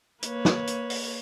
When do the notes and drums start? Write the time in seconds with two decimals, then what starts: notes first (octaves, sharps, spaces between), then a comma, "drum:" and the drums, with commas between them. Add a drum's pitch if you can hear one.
0.23 A#3 B4 C#5, drum: hi-hat
0.45 drum: snare
0.67 drum: hi-hat
0.90 drum: open hi-hat